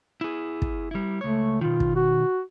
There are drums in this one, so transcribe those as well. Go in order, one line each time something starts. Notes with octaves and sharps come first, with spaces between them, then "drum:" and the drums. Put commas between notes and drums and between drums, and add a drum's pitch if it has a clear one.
E4 G#4
drum: kick
G3 E4
C#2 A3 C#5
B2 D#3 F4
drum: kick
F#4